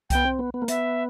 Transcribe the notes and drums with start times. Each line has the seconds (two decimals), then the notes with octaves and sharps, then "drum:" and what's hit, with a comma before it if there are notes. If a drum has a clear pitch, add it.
0.10 B3 G5, drum: kick C2, hi-hat
0.25 C4
0.39 B3
0.54 B3
0.62 A#3
0.68 B3 E5, drum: hi-hat